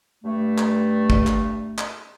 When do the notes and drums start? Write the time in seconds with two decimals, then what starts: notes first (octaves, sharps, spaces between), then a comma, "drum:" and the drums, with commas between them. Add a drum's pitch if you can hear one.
0.24 G2 A3
0.58 drum: clap
1.10 drum: kick
1.27 drum: clap
1.78 drum: clap